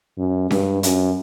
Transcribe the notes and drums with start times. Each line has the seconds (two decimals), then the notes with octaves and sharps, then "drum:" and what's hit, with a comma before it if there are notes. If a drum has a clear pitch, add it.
0.18 F#2
0.51 G2, drum: snare C#4
0.83 F#2, drum: hi-hat